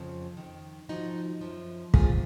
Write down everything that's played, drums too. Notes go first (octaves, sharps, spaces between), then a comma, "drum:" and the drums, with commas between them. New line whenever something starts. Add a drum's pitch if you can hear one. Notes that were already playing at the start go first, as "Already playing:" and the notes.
Already playing: F2 C#3 F3
F2 D#3
G#2 F3 D#4 F#4
F#2 F3
F2 F3 F4 G#4, drum: kick